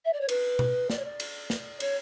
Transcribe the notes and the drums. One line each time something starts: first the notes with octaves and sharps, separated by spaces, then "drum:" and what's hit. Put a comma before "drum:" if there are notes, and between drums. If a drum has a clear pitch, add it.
E5
D5
C#5
B4, drum: cymbal
drum: tom B2
D5, drum: snare
C#5
D5
drum: cymbal
drum: snare
C#5, drum: cymbal